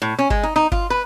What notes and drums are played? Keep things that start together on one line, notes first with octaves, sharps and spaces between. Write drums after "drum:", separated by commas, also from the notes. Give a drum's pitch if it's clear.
A2
C#4
G#3, drum: kick G1
D#4
D#4
F4, drum: kick G1
B4